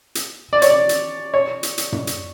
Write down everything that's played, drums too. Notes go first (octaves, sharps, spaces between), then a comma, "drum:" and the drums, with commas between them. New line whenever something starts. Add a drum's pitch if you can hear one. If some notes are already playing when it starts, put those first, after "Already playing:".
drum: hi-hat
D5
C#5, drum: hi-hat
D5
drum: hi-hat
C#5
drum: hi-hat
drum: hi-hat
drum: tom F#2
drum: hi-hat